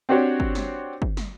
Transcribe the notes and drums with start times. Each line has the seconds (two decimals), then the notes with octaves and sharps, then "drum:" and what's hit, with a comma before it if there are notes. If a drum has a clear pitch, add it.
0.09 C4 D4 F#4 G4 C5 C#5
0.40 drum: kick
0.55 drum: snare
1.02 drum: kick
1.17 drum: snare